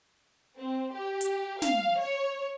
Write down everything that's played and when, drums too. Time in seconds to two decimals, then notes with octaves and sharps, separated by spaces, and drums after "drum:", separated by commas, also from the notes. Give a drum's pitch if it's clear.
0.58 C4
0.93 G4
1.21 drum: hi-hat
1.62 F5, drum: snare
2.00 C#5